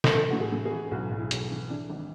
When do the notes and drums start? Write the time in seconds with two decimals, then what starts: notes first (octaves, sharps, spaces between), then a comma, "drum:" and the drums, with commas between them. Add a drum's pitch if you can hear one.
0.04 drum: snare
0.14 E3 A4
0.30 A2 F#4
0.40 G#4
0.52 A2
0.65 G#4
0.71 E3
0.91 B1 F#4
1.11 B1
1.18 E4
1.31 B1, drum: hi-hat
1.50 E3
1.69 E3 D4
1.89 G#1